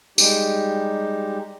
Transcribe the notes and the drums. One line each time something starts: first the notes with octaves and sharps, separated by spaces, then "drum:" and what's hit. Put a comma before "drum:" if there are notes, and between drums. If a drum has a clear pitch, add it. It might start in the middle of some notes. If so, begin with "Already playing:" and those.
G3 G#3 D#4 G4, drum: tambourine